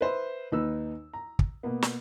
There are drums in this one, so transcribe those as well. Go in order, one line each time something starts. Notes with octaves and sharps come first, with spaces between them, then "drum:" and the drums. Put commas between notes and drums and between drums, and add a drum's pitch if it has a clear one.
B4 C5 E5
D#2 D#4 B4 E6
A#5
drum: kick
B2 A#3 B3
drum: snare